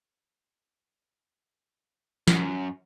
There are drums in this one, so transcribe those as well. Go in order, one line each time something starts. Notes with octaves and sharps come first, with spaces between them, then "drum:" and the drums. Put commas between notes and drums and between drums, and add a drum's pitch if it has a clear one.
F#2, drum: snare